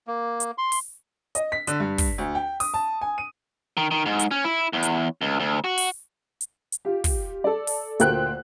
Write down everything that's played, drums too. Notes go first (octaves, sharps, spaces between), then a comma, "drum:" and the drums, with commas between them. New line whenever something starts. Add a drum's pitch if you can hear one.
A#3
drum: hi-hat
C6
drum: open hi-hat
D#5, drum: hi-hat
B6
D3, drum: hi-hat
G2
drum: kick, open hi-hat
D2
G5
D#6, drum: open hi-hat
A5
G#5
D#7
D#3
D#3
G#2
drum: hi-hat
C#4
E4
E2
drum: hi-hat
C#2
D2
F#4
drum: open hi-hat
drum: hi-hat
drum: hi-hat
F4 G4
drum: kick, open hi-hat
A4 D5
drum: open hi-hat
D2 A#2 A#3 C5 G5 F#6, drum: hi-hat